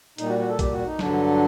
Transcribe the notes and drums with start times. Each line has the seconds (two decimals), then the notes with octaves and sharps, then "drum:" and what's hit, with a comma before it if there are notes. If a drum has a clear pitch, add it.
0.18 A#2 G3 D#4, drum: hi-hat
0.28 F#4
0.39 F#4
0.49 A4
0.59 G4, drum: kick, hi-hat
0.72 F#4
0.86 D#4
0.99 G2 D3 F#3 D4, drum: snare